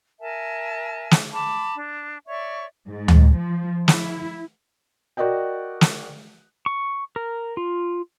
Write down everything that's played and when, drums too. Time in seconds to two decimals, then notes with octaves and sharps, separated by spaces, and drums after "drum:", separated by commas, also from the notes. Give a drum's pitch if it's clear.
0.21 A#4 E5 G#5 A5
1.11 drum: snare
1.32 A5 B5 D6
1.76 D4
2.27 C#5 D5 E5 C#6
2.88 G#2
3.08 drum: tom D2
3.36 F3
3.88 E4, drum: snare
5.17 F#4 A#4 D5 D#5 G5
5.81 drum: snare
6.66 C#6
7.16 A#4
7.57 F4